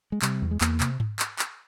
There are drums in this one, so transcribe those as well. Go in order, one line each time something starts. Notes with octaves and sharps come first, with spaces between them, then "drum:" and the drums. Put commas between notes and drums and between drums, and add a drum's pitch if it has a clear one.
G#3
C3 G3, drum: clap
E2
G#3
E2 A#3, drum: clap
C3, drum: clap
drum: tom G#2
drum: clap
drum: clap